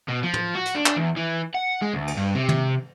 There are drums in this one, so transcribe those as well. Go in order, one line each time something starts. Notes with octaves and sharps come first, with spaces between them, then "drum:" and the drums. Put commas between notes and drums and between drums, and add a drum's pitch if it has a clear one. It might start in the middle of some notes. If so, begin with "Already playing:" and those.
B2
F3
drum: tom
F#4
drum: hi-hat
D4
drum: clap
E2
E3
F#5
G#3
D2
drum: cymbal
G2
C3
drum: tom